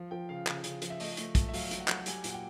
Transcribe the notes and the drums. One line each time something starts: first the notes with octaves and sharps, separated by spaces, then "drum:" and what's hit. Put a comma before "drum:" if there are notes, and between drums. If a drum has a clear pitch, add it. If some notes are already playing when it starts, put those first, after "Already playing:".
Already playing: F3
F3 G5
C#3 F5
C#3, drum: clap
C#3, drum: hi-hat
F3, drum: hi-hat
E5
A3 D#5, drum: open hi-hat
A3, drum: hi-hat
A3, drum: kick, hi-hat
E5
F#3 F5, drum: open hi-hat
F#3, drum: hi-hat
F#5
F#3, drum: clap
G3 G#5, drum: hi-hat
A#2 F#5, drum: hi-hat
G5